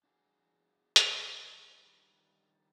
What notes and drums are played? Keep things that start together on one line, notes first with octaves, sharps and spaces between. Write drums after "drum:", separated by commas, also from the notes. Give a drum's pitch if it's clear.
D4 F#4 G#4
drum: hi-hat
A2 E3
D#3 G3 D4 D5